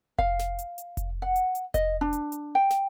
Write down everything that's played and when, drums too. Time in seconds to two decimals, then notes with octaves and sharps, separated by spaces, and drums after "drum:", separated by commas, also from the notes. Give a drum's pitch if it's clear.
0.18 F5, drum: kick F1
0.39 drum: snare
0.59 drum: hi-hat
0.78 drum: hi-hat
0.97 drum: kick F1, hi-hat
1.22 F#5
1.36 drum: hi-hat
1.55 drum: hi-hat
1.74 D#5, drum: kick F1, hi-hat
2.01 D4
2.13 drum: hi-hat
2.32 drum: hi-hat
2.55 G5
2.70 drum: snare